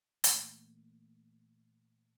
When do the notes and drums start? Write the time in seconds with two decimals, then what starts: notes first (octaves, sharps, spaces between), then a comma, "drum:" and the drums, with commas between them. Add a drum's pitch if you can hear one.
0.24 A#2 E3 A3 A#3, drum: hi-hat